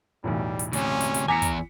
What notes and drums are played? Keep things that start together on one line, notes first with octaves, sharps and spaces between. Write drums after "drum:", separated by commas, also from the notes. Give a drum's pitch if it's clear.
B1 E2 A2 G3
drum: hi-hat
D2 C3 C#4, drum: hi-hat
drum: hi-hat
drum: hi-hat
E2 E4 G#5 A#5 D6 B6 C#7
drum: kick, hi-hat